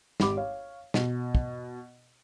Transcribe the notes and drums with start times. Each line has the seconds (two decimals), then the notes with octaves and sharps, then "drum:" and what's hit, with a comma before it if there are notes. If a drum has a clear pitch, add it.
0.20 G#1 G4 B5 D6, drum: snare
0.37 C#5 F5
0.94 B2, drum: snare
1.35 drum: kick